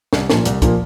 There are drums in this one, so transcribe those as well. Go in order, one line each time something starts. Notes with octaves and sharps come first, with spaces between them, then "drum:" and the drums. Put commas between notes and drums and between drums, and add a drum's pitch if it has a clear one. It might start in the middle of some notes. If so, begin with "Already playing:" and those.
C2, drum: snare
A#2 F3 A#3, drum: snare
C2, drum: hi-hat
A#2 F3 A#3, drum: kick, hi-hat